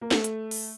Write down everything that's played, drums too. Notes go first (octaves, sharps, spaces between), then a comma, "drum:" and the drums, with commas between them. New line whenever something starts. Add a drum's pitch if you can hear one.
A#3
A3, drum: snare
drum: hi-hat
drum: open hi-hat